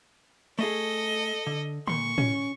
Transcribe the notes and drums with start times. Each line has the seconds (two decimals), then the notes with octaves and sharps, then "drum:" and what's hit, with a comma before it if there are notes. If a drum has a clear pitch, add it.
0.59 A3 G#4 A4 D#5
1.47 D3
1.88 A#2 C6 C#6, drum: tom D3
2.18 C#4, drum: tom A2